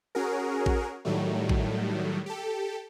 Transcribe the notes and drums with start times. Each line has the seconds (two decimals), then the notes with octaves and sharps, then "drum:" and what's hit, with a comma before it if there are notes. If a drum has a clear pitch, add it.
0.15 C#4 F#4 G#4 A#4
0.66 drum: kick A1
1.05 A2 D#3 F#3 G3 A3
1.49 drum: kick A1
2.26 G4 A4